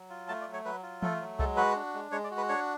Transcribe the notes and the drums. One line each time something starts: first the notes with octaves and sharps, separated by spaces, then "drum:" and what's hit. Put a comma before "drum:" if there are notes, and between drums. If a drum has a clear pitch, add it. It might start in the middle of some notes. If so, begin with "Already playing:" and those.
Already playing: F#3
F4
A3 A5
D5
F#3
C#5
F#3 B4
F4
A3 A4, drum: tom E3
F#3
G#3 A4, drum: kick C2
F#4 B4
D4
G#3
G#3 C#5
D5
F#4
B4
D4 C#5